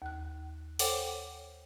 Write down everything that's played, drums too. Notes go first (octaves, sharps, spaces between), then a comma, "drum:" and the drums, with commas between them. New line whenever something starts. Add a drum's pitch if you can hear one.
D#2 F#6
A4 C5 C#5 F#5 G5 D6, drum: open hi-hat